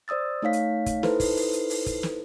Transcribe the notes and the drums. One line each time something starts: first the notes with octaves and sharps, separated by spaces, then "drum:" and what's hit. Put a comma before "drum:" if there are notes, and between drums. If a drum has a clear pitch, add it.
C5 D5 D#6 E6 A6
A3 D#4 C#5 F5 B6
drum: hi-hat
drum: kick, hi-hat
D#4 E4 A4 B4 C5, drum: snare
drum: kick, open hi-hat
drum: open hi-hat
drum: hi-hat
drum: open hi-hat
drum: kick, hi-hat
drum: snare